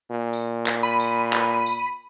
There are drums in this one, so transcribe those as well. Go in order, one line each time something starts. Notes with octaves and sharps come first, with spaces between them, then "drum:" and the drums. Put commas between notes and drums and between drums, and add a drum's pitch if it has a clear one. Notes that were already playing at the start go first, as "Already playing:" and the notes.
A#2
drum: tambourine
drum: clap
B5 D#7
drum: tambourine
drum: clap
drum: tambourine